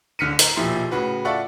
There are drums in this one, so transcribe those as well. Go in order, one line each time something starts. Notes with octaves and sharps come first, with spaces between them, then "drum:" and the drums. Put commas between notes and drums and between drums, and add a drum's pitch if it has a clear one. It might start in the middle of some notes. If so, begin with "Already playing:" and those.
D1 D3 F6 B6 C#7 D#7
A#5, drum: hi-hat
E1 A#2 F3 E4 G4 C6
A2 C#3 F#4 B4
F4 A4 D5 E5 F#5 C#6